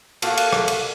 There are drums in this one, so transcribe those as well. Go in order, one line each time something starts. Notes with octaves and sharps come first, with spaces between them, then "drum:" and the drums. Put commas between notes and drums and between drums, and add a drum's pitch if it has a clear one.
A3 A#3 F#4, drum: cymbal
drum: cymbal
drum: rim click
drum: cymbal